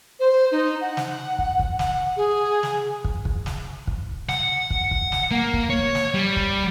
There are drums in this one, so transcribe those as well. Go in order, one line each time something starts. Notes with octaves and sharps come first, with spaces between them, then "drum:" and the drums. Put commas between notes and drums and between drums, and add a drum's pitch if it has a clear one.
C5
D#4
F#5
drum: snare
drum: kick
drum: kick
F#5, drum: snare
G#4
drum: snare
drum: kick
drum: kick
drum: snare
drum: kick
F#5, drum: snare
drum: kick
drum: kick
drum: snare
A#3
drum: kick
C#5
drum: snare
G3
drum: kick